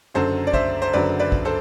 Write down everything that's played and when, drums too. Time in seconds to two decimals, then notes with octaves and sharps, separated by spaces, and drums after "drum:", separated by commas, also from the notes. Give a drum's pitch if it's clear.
0.14 F#1 F#2 D3 F#3 A4 C5
0.47 D5
0.53 C5 E5, drum: kick
0.82 C5
0.93 F#1 F#2 D3 F#3 B4 D5
1.19 B4 D5
1.32 drum: kick
1.45 A4 C5